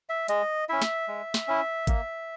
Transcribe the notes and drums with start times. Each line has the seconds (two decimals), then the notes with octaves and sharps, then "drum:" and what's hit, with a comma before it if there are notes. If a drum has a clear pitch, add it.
0.09 E5
0.28 G#3 D#5, drum: hi-hat
0.69 C#4 E4 E5
0.82 drum: snare
1.08 G#3
1.34 drum: snare
1.48 C#4 E4
1.87 A#3, drum: kick G#1, hi-hat